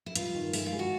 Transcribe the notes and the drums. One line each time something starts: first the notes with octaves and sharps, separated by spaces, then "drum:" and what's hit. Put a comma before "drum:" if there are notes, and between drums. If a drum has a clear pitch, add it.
E4
G2 F4, drum: hi-hat
D#3
G#3 E4, drum: open hi-hat
F4
G#3
F#4